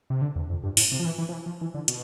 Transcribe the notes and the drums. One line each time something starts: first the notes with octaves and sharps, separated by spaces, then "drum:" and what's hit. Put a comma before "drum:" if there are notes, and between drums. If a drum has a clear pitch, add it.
C3
D3
E2
F2
G2
A2, drum: open hi-hat
C3
F3
E3
E3
F3
E3
F3
E3
D3
B2, drum: hi-hat